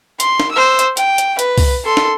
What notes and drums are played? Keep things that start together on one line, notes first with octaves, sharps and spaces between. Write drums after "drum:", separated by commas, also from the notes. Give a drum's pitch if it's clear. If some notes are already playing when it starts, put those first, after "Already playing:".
C6, drum: hi-hat
drum: snare
C5 E6
drum: hi-hat
G5, drum: hi-hat
drum: hi-hat
B4, drum: hi-hat
drum: kick C2, open hi-hat
A4 C6
drum: snare